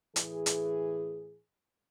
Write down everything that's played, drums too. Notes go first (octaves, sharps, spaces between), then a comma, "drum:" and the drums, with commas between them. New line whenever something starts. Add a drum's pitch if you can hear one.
A2 E3 G#4, drum: hi-hat
drum: hi-hat